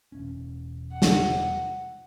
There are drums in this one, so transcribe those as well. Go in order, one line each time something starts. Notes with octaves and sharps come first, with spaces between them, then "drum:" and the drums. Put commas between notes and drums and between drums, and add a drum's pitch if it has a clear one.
E1 C#4
F#5
drum: snare